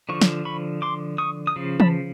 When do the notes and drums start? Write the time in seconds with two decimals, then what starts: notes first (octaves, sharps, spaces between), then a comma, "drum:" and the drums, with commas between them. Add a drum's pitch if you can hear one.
0.09 D3 F3 C#6
0.22 drum: snare
0.45 B5 C#6
0.82 C6 D6
1.18 C#6 D#6
1.47 D#6
1.56 C#3 F3
1.80 A5 B5, drum: tom E3